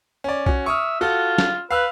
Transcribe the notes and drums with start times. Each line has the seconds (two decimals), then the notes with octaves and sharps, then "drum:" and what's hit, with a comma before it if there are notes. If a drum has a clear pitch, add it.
0.24 C#4 D5
0.46 C#4 F#4, drum: kick B1
0.66 E5 C#6 D#6 F6
1.01 F4 F#4 A4
1.38 drum: snare
1.71 B4 F5 E6 F#6